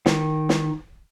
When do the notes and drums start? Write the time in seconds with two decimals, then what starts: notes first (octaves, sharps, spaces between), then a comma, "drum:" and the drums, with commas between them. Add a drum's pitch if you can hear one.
0.06 D#3, drum: snare
0.49 drum: snare